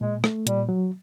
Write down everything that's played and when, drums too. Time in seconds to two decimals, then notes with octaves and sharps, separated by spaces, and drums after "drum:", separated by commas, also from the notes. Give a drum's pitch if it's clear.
0.01 A#2 G#3
0.24 A3, drum: rim click
0.47 A#2 G3, drum: hi-hat
0.69 F#3